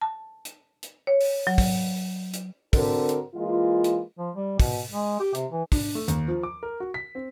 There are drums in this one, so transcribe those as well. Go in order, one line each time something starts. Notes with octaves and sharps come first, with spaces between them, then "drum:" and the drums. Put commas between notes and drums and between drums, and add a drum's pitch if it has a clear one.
A5
drum: hi-hat
drum: hi-hat
C#5
drum: open hi-hat
F#3
drum: kick, open hi-hat
drum: hi-hat
D3 C4 F#4 A4 A#4, drum: kick, open hi-hat
drum: hi-hat
E3 G#3 A#3 F4
drum: hi-hat
F3
G3
B2, drum: kick, open hi-hat
G#3
G4
C3, drum: hi-hat
E3
D4, drum: kick, open hi-hat
A3
D#2, drum: hi-hat
F3
D6
A#4
F#4
B6
C4